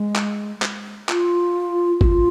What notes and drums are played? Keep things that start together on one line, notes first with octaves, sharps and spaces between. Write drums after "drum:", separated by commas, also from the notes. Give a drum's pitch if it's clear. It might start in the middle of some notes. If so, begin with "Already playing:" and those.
Already playing: G#3
drum: clap
drum: clap
F4, drum: clap
F#4, drum: kick
F4